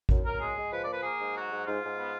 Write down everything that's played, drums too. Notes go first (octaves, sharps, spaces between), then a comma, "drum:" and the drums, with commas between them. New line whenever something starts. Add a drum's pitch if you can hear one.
F#2, drum: kick A1
F#2 A#4
G#3 G#4
G#3
F3 B4
A#3 D5
B4
A#3 G#4
G#2
F#3 F#4
G#2
G#2 F4
G#2
B3